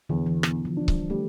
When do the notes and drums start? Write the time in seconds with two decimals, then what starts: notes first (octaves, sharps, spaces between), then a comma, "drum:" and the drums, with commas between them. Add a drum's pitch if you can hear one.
0.09 E2 D3
0.26 E3
0.43 B2, drum: rim click
0.65 F3
0.77 D4
0.88 G3, drum: kick C#1
1.10 G3 A3